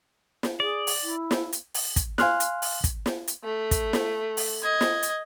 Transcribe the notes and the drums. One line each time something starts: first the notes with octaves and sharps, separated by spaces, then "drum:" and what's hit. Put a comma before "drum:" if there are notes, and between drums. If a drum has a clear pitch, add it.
drum: snare
G#4 D5
drum: open hi-hat
E4
drum: snare
drum: hi-hat
drum: open hi-hat
drum: kick, hi-hat
F5 G#5 C6 F6 F#6, drum: snare
drum: hi-hat
drum: open hi-hat
drum: kick, hi-hat
drum: snare
drum: hi-hat
A3
drum: kick, hi-hat
drum: snare
drum: open hi-hat
D#5 G#6
drum: snare
drum: hi-hat